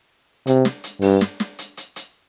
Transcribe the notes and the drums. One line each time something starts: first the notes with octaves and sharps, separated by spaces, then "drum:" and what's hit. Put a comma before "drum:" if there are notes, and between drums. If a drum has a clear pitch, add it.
C3, drum: hi-hat
drum: snare
drum: hi-hat
G2, drum: open hi-hat
drum: snare
drum: snare
drum: hi-hat
drum: hi-hat
drum: hi-hat